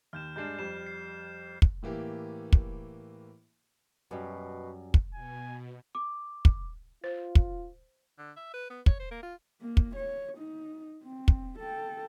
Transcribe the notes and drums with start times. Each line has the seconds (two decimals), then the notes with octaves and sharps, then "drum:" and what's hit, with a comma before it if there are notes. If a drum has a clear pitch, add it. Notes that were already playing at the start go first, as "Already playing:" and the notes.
0.13 D#2 F6 G6 E7
0.36 G2 G#3 D4 G6 C7 E7
0.58 F2 G3 C7 E7
0.86 C7
1.62 drum: kick
1.83 A2 E3 A#3 G4
2.53 drum: kick
4.11 F#2 B2 G3
4.94 drum: kick
5.14 B2 G#5
5.95 D6
6.45 drum: kick
7.04 F4 C5
7.35 drum: kick
8.18 D3
8.36 E5
8.54 B4
8.70 B3
8.86 C#5, drum: kick
9.00 C5
9.11 A#3
9.23 F4
9.61 A#3
9.77 drum: kick
9.96 C#5
10.38 D#4
11.04 C4
11.28 drum: kick
11.59 A4 G5